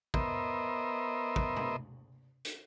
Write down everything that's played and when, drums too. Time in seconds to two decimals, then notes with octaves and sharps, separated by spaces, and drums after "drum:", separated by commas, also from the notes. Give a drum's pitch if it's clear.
0.14 B3 A#4 C5 D#5 E5, drum: kick
1.36 drum: kick
1.57 drum: tom
2.45 drum: hi-hat